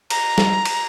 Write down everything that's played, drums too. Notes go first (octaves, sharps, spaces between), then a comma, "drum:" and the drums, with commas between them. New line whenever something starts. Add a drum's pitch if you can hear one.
A#5, drum: cymbal
drum: snare
drum: cymbal